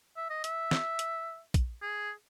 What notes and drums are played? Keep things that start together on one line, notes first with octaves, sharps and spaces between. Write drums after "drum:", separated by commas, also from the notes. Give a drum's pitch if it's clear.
E5
D#5
E5, drum: hi-hat
drum: snare
drum: hi-hat
drum: kick, hi-hat
G#4